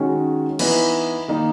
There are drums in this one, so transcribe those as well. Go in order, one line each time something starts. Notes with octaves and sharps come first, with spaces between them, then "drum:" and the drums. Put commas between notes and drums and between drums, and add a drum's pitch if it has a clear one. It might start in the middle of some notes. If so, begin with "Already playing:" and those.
Already playing: D#3 G#3 C#4 F#4
E3 B3 D#4, drum: cymbal
D#3 A#3 D#4